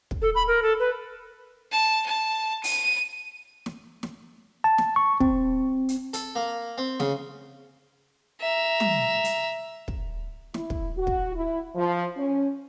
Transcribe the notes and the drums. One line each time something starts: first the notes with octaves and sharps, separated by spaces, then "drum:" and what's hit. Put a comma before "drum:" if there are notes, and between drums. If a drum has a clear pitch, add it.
drum: kick
A4
B5
A#4
A4
B4
A5
A5
D#7, drum: open hi-hat
drum: snare
drum: snare
A5
drum: snare
C#6
C4, drum: kick
drum: hi-hat
A4, drum: hi-hat
A#3
C4
C#3, drum: snare
E5 A#5
drum: tom
drum: hi-hat
drum: kick
E4, drum: snare
drum: kick
F#4
drum: kick
E4
F3
C#4